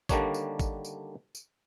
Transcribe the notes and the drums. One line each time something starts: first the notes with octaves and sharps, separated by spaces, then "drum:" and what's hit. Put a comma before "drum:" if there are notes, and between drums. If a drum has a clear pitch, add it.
D3 D#3 G3 A#3 D4 C#5, drum: kick, tambourine
drum: tambourine
drum: kick, tambourine
drum: tambourine
drum: tambourine